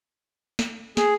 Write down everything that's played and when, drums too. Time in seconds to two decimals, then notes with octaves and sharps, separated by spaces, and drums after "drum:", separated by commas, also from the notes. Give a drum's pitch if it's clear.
0.59 drum: snare
0.97 G#4, drum: snare